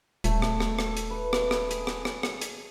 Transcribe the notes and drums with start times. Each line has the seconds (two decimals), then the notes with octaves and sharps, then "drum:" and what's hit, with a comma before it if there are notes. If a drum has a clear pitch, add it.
0.24 D#1 A3 C#5, drum: hi-hat
0.42 drum: rim click
0.60 drum: rim click
0.79 drum: rim click
0.97 drum: hi-hat
1.10 B4
1.33 drum: rim click
1.51 drum: rim click
1.71 G#4, drum: hi-hat
1.87 drum: rim click
2.05 drum: rim click
2.23 drum: rim click
2.41 drum: hi-hat